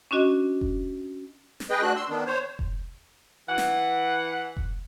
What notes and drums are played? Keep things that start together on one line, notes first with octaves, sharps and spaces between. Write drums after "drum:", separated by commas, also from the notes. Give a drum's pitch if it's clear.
C#4 D4 F#4 D#5
drum: kick F1
drum: snare
G#4 B4 D#5 G5
A3 D4 F#4 F#6
C6 E6
D#3 B3 D4
C5 C#5
drum: kick F1
E3 F#5
drum: snare
drum: kick F1